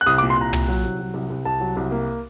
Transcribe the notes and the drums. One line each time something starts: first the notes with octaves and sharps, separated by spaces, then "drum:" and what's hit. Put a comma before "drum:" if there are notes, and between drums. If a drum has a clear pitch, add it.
F#6
C2 D#6
D6
A#2
C6
C2 A#5
A#2, drum: tom
F#3
C2
F#3
C2
C2
C2 A5
F#3
C2
A#3